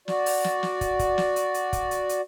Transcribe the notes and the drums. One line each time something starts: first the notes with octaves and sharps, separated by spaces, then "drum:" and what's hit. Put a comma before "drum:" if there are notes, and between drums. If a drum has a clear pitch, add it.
F#4 D5, drum: snare
drum: open hi-hat
drum: snare
drum: snare
drum: kick, hi-hat
drum: kick, hi-hat
drum: snare
drum: hi-hat
drum: hi-hat
drum: kick, hi-hat
drum: hi-hat
drum: hi-hat